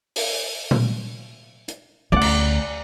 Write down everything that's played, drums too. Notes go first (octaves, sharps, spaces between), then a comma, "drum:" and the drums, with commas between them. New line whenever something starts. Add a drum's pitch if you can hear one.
drum: open hi-hat
drum: tom A#2
drum: hi-hat
D2 C#4 D5 F#5
drum: cymbal